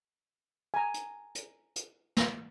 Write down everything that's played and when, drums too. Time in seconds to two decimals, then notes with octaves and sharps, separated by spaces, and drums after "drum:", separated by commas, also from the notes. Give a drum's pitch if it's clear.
0.74 G#5 A#5
0.94 drum: hi-hat
1.35 drum: hi-hat
1.76 drum: hi-hat
2.17 drum: snare